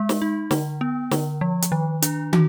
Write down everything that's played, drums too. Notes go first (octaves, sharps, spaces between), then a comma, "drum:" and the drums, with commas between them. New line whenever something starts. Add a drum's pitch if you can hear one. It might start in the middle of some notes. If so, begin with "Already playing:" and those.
Already playing: G#3
drum: snare
D#4
D3, drum: snare
B3
D3, drum: snare
F3
drum: hi-hat
D#3
D4, drum: hi-hat
F#4, drum: tom